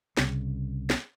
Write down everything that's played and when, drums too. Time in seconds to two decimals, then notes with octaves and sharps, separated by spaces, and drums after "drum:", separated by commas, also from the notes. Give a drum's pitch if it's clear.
0.17 C2 C#3, drum: snare
0.90 drum: snare